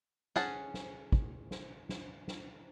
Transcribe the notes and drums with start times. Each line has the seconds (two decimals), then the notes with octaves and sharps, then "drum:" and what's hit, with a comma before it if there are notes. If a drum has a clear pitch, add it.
0.36 C#4 G#4 F#5 A5, drum: snare
0.74 drum: snare
1.12 drum: kick
1.51 drum: snare
1.89 drum: snare
2.28 drum: snare